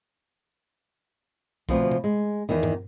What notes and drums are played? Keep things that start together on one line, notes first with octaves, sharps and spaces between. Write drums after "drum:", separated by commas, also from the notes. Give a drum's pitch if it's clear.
D2 B2 F3 C4, drum: kick B1
drum: tom C3
G#3
E2 D#3
drum: tom G2